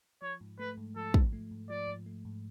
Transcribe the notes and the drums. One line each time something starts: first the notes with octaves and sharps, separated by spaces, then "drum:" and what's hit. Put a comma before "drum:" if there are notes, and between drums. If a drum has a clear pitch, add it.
F3 C#5
G#2
A3 B4
G#2
F3 A4
G#2, drum: kick
A3
G#2
F3 D5
G#2
A3
G#2